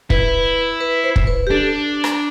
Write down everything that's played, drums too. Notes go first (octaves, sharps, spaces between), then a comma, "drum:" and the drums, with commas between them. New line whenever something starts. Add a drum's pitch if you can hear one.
E4 B4, drum: kick
B4
C5
drum: kick
B4
G4
D4 A4
drum: rim click